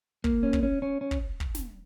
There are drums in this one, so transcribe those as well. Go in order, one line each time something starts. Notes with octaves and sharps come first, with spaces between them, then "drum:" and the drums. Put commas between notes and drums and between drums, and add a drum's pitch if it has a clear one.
A#3, drum: kick
C#4
drum: kick
C#4
C#4
C#4
drum: kick
drum: kick
drum: snare